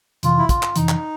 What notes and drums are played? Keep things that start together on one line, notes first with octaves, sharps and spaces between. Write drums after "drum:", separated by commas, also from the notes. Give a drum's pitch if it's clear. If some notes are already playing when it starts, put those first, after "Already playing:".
F2 C3 E3 F4, drum: hi-hat
E4
F4, drum: kick, hi-hat
drum: clap
F2 C3 E3 D#4, drum: hi-hat
drum: clap